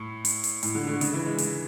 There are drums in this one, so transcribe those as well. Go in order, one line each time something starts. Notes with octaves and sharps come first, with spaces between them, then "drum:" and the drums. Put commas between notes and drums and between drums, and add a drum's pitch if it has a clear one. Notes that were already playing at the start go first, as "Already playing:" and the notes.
Already playing: A2
drum: hi-hat
drum: hi-hat
A2, drum: hi-hat
D3
D3
C#3, drum: hi-hat
E3
G#3
drum: hi-hat